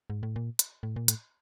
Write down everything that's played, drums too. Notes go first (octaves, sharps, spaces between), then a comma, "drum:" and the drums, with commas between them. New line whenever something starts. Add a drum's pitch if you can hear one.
G#2
A2
A#2
drum: hi-hat
A2
A#2
A2, drum: hi-hat